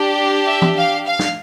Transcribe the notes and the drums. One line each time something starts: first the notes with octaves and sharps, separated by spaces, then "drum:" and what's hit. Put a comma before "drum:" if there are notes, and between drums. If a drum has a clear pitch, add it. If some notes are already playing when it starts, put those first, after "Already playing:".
Already playing: D4 G4
E5
drum: tom E3
F5
F5
drum: snare